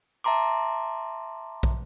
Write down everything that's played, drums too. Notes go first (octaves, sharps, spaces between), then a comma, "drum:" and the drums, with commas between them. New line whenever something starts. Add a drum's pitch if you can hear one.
E5 A5 A#5 C6 D6
drum: kick